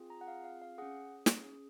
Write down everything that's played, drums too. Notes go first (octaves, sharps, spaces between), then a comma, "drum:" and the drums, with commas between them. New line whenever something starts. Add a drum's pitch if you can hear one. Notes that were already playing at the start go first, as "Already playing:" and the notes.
Already playing: C4 F4 G#4
A#5
F#5
F5
F5
F5
C#4 G#4 F#5
drum: snare